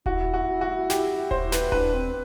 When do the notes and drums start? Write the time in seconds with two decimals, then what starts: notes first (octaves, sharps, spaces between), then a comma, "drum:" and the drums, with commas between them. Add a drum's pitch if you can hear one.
0.06 E4 F#4, drum: kick D#1
0.34 F#4
0.61 F#4
0.90 G4, drum: snare
1.31 C5, drum: kick D#1
1.52 B4, drum: snare
1.72 D4 B4, drum: kick D#1
1.94 C4